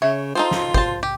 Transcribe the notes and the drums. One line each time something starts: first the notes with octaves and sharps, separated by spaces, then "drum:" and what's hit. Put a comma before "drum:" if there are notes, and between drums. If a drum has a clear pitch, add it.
C#3 C#5 E5
D#4 F4 A4 C5
drum: snare
C5 A5, drum: kick
G4